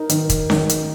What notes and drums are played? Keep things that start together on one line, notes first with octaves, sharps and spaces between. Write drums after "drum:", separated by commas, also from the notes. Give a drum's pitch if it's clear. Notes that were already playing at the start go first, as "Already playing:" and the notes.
Already playing: D#4 A#4
D#3, drum: hi-hat
drum: kick, hi-hat
D#3, drum: snare C#4
drum: hi-hat